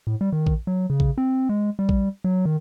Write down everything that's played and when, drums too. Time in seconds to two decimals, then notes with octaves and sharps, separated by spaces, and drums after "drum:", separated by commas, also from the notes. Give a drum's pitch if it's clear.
0.07 A2
0.21 G3
0.32 D#3
0.47 drum: kick A#1
0.67 F#3
0.90 C#3
1.00 drum: kick A#1
1.18 C4
1.49 G#3
1.79 G3
1.89 drum: kick A#1
2.24 F#3
2.45 D#3